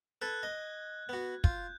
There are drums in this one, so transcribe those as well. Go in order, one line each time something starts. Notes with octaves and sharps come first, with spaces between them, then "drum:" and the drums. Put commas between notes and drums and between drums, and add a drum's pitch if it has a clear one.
A4 B4 F#6 G#6
D#5
B3 F#4
F4 G6, drum: kick